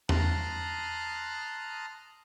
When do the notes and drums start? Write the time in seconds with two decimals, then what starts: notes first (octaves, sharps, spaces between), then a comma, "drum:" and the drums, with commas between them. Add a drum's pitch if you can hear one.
0.09 A5 A#5 C6 D#6 F6 F#6, drum: tom E2